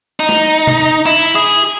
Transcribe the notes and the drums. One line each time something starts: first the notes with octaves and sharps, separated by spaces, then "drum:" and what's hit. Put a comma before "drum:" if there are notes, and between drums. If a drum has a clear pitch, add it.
D#4
drum: snare
drum: tom C3
drum: hi-hat
E4
G#4